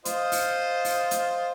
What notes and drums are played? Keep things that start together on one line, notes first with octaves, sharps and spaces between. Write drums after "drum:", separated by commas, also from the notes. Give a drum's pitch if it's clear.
F4 C5 D#5, drum: hi-hat
drum: open hi-hat
drum: open hi-hat
drum: hi-hat